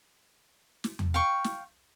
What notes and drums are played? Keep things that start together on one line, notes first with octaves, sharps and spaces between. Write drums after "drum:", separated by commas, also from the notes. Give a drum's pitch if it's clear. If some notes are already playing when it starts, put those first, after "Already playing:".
drum: snare
drum: tom E2
F5 G5 C#6
drum: snare